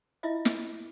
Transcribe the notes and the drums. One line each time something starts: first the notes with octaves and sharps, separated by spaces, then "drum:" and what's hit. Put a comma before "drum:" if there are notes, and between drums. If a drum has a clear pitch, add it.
E4 F4 D#5 E5
drum: snare